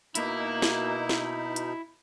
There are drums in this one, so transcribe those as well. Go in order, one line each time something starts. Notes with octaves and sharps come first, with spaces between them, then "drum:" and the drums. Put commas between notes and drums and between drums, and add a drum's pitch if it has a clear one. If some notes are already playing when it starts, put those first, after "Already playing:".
B2 A#3 D#4 E4, drum: hi-hat
drum: snare
drum: snare
drum: hi-hat